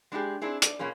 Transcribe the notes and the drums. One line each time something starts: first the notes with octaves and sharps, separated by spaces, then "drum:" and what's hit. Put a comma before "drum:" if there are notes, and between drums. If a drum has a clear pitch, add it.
G#3 D4 E4 F4 G4 G#4
C4 D4 E4 G#4
D5, drum: hi-hat
B2 A#3 C#4 F4 G#4